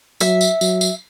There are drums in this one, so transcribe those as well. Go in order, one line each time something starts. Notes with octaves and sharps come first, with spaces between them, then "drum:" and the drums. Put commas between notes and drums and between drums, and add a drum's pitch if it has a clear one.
F#3 E5, drum: tambourine
drum: tambourine
F#3, drum: tambourine
drum: tambourine